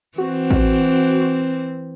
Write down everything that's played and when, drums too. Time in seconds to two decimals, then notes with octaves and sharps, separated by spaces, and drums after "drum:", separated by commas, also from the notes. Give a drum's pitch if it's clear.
0.18 E3 C4 F#4
0.51 drum: kick A1